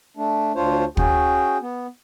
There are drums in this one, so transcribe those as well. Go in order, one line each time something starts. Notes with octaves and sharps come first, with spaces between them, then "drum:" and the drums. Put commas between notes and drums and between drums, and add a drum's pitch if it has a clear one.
A3 D4
D2 D4 F4 C5 C#5
C#4 F#4 G#4 G5, drum: kick
B3